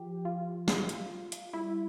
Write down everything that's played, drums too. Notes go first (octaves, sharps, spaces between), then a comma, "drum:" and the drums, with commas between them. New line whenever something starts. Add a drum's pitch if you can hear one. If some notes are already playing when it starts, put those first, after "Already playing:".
Already playing: F3 G4
F4
drum: snare
drum: hi-hat
drum: hi-hat
G3 E4